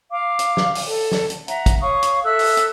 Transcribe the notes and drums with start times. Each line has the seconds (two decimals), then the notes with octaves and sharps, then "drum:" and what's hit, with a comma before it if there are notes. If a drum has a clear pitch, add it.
0.10 F5 D6
0.39 drum: hi-hat
0.57 drum: snare
0.75 drum: open hi-hat
0.88 A4
1.12 drum: snare
1.30 drum: hi-hat
1.48 E5 F#5 A#5, drum: hi-hat
1.66 drum: kick, hi-hat
1.81 C#5 F5 C#6 D#6
2.03 drum: hi-hat
2.24 A4 E5 E6 F#6
2.39 drum: open hi-hat
2.57 drum: hi-hat